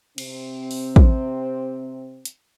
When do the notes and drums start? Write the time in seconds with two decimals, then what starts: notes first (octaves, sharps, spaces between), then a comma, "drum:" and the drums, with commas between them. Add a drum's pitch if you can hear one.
0.18 C3 C4, drum: cymbal
0.71 drum: open hi-hat
0.96 drum: kick
2.25 drum: hi-hat